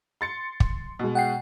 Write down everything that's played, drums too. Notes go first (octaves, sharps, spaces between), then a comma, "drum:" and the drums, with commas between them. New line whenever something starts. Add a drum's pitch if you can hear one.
C6 A6 C#7
drum: kick
B2 G#3
F#5 G5 C7